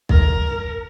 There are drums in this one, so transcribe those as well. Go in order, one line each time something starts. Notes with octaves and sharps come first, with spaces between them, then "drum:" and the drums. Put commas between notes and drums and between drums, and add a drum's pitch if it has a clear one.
A#4, drum: kick